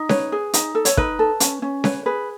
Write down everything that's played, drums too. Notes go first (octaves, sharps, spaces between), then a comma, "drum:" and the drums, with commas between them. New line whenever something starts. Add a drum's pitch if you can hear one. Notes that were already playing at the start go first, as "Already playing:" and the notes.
Already playing: D#4
B4 C#5, drum: snare C#4
G#4
D#4, drum: hi-hat
A4
C#5, drum: hi-hat
D#4 B4, drum: kick
A4
C#4, drum: hi-hat
C#4
B4 C#5, drum: snare C#4
G#4 B4